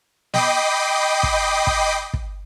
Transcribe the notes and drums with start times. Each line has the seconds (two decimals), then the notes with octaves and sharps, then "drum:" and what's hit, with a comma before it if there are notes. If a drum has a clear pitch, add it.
0.34 D#5 G5 B5 D6 D#6 C7, drum: snare
1.23 drum: kick
1.67 drum: kick
2.14 drum: kick